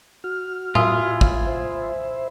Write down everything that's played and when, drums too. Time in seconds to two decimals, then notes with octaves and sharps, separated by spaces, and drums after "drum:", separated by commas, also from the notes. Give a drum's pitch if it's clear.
0.24 F#4 F6
0.75 E4 F4 G#5 D#6, drum: tom A2
1.21 drum: kick
1.47 C5 E5